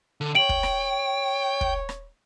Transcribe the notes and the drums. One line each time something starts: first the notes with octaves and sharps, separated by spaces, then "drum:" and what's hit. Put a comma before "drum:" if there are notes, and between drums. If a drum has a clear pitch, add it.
D3
C#5 G5 D7 F#7
drum: kick
drum: rim click
drum: kick
drum: rim click